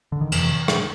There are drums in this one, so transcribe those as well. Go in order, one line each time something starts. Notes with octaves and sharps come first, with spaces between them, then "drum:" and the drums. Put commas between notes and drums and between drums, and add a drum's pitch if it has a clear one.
D3
D#3
F2 C3 E3, drum: cymbal
E3
drum: rim click